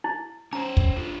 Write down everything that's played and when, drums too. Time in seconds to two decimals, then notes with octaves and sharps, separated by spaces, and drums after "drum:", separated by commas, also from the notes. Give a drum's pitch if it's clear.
0.04 E4
0.53 C#4 C5 A#5
0.77 drum: kick
0.96 D4 F4 A4